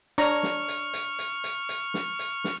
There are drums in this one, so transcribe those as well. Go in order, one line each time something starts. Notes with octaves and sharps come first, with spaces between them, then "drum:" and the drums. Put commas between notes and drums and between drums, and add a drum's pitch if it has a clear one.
D4 C#5 A#5 C#6 F6, drum: hi-hat
drum: snare
drum: hi-hat
drum: hi-hat
drum: hi-hat
drum: hi-hat
drum: hi-hat
drum: snare
drum: hi-hat
drum: snare